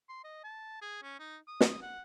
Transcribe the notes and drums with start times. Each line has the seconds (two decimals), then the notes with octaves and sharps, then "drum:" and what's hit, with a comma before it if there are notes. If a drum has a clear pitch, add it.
0.09 C6
0.24 D#5
0.44 A5
0.82 G#4
1.03 C#4
1.19 D#4
1.48 D#6
1.61 drum: snare
1.82 F#5